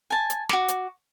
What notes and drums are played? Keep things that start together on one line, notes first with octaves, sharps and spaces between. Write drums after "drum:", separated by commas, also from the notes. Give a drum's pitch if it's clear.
G#5 A5
drum: hi-hat
F#4 D6, drum: snare
drum: hi-hat